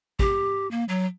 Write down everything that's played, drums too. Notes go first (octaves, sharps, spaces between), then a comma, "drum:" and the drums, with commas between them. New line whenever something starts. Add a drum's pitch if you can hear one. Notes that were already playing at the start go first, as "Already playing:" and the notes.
G4, drum: kick A1
A#3
F#3